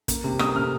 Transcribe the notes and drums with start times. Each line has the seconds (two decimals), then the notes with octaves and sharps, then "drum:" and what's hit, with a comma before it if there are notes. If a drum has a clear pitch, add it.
0.08 A#3, drum: kick, hi-hat
0.24 C3
0.39 A#3 D#6, drum: rim click
0.56 C3 F6